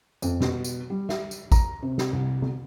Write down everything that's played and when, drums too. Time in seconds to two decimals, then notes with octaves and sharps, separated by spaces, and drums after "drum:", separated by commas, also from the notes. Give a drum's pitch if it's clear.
0.22 F2, drum: tambourine
0.41 B2, drum: snare
0.64 drum: tambourine
0.90 G3
1.09 E5, drum: snare
1.31 drum: tambourine
1.52 A#5, drum: kick, tambourine
1.83 C3
1.98 drum: snare
2.13 C2
2.42 drum: tom D3